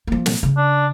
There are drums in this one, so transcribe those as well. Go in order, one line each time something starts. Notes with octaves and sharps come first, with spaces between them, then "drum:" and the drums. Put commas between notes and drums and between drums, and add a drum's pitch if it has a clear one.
F3 A#3
drum: snare
C#3
D4